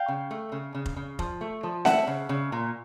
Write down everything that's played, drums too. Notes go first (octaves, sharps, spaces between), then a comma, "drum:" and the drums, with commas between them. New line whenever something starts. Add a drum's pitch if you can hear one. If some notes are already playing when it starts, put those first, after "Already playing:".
Already playing: F5 G5
C#3
A3
C#3
C#3
drum: kick
C#3
F3, drum: kick
A3
F3
A3 E5 F#5, drum: snare C4
C#3
C#3
A#2